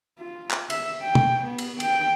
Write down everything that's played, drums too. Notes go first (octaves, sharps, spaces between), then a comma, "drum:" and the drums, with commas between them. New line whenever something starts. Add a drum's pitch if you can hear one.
F4
drum: clap
E5, drum: cymbal
G5
drum: tom
B3
drum: cymbal
G5, drum: cymbal